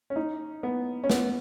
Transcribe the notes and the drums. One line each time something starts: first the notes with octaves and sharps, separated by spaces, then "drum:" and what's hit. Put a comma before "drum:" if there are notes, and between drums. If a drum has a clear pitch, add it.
C#4
D#4
B3
C#4
B3, drum: snare